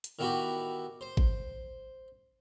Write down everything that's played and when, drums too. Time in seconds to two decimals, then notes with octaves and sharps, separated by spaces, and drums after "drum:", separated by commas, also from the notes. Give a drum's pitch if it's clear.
0.04 drum: hi-hat
0.19 D#3 E3 B3 E4 F#4 G4
1.01 C5
1.17 drum: kick G#1